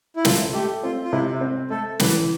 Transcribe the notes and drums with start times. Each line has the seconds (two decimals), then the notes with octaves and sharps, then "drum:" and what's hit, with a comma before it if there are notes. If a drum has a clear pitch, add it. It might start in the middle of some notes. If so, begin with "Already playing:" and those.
0.16 E4
0.25 A3 F4, drum: snare
0.53 A3 G4
0.83 C4 F4
1.04 F4
1.12 C3 E4
1.41 C4
1.70 A3 A4
2.00 E3 B4, drum: snare